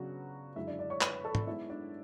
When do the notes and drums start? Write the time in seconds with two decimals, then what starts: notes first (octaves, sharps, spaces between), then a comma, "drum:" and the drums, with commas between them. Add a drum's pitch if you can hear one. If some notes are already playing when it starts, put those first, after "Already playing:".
Already playing: C#3 F#3 B3 D4 F#4
0.56 F#2 D3 G#3 E4 E5
0.67 D4 D5
0.79 D4 D5
0.90 C#5 C#6
1.01 B4 B5, drum: clap
1.24 A4 A5
1.35 drum: tom
1.47 G#2 G#3 B3 E4 E5
1.70 D4 D5